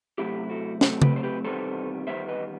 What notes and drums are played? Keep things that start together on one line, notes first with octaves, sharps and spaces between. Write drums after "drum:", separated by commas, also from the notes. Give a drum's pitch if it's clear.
C3 F#3 A3 C4 E4 G4
F#4 A4
C3 F#3 A3 C4 E4 F#4 A4, drum: snare
G4 B4, drum: tom C#3
C5
G4 B4
E2 C3 D#3 G3 B3 A4 C5
E2 C3 D#3 G3 B3 C5 E5
B4 D#5